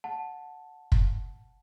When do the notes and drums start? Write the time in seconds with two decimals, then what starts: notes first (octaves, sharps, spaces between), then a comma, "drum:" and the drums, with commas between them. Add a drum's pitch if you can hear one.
0.04 F#5 A5
0.92 drum: kick